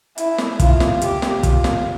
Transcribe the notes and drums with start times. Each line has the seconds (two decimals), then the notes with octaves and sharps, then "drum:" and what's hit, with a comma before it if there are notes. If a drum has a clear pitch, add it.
0.18 E4, drum: hi-hat
0.38 drum: snare
0.59 F4, drum: kick, hi-hat
0.80 drum: snare
1.01 G4, drum: hi-hat
1.22 drum: snare
1.43 F4, drum: kick, hi-hat
1.64 drum: snare